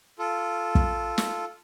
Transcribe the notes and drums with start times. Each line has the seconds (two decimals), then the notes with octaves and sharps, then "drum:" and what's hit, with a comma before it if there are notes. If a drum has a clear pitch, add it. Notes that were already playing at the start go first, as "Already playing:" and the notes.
0.19 F4 A4
0.75 drum: kick
1.18 drum: snare